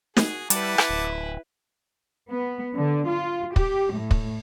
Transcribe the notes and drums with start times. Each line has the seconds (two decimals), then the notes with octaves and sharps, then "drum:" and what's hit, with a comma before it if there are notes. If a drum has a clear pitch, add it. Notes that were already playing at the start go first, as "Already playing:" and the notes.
0.17 F#4 G#4, drum: snare
0.50 G3 E4 B4 F#5 A5 D6, drum: hi-hat
0.78 drum: rim click
0.89 D1
2.31 B3
2.76 D3
3.07 F4
3.56 G4, drum: kick
3.93 A2
4.11 drum: kick